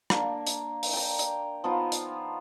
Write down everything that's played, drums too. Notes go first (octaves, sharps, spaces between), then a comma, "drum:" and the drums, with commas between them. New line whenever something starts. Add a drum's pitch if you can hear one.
A#3 D4, drum: rim click
drum: hi-hat
drum: open hi-hat
G5 A#5
drum: hi-hat
F3 B3 D#4 F4
drum: hi-hat